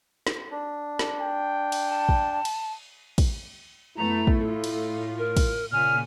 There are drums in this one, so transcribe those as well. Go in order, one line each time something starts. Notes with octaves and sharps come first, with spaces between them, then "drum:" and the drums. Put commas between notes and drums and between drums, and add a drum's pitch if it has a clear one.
drum: snare
D4
drum: snare
G5
drum: cymbal
A5
drum: kick
drum: cymbal
drum: kick, cymbal
F#2 A3 B3 E4 A#5
drum: kick
A2 F4 A4
drum: cymbal
A#4
drum: kick, cymbal
A#2 C#3 G#5 F6